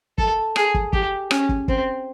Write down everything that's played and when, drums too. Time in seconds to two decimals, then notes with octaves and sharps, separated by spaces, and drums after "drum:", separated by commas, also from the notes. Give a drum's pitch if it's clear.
0.18 A4, drum: kick
0.56 G#4, drum: rim click
0.74 drum: kick
0.93 G4, drum: kick
1.31 C#4, drum: rim click
1.49 drum: kick
1.68 C4, drum: kick